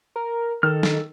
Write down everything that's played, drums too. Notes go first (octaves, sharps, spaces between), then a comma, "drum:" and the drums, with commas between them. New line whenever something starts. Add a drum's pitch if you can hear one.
A#4
D#3 A4 F6
drum: snare